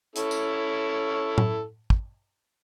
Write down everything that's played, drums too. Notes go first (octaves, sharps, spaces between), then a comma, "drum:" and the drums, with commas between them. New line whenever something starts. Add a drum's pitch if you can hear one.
C#4 E4 A4, drum: hi-hat
drum: tambourine
drum: tom A2
drum: kick